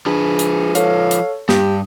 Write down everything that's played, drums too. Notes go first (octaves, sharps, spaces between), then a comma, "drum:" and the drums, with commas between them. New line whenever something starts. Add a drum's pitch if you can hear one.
F3 D4 G#4 B4
drum: hi-hat
A4 C#5 F5, drum: hi-hat
drum: hi-hat
G2 G4 D#6, drum: snare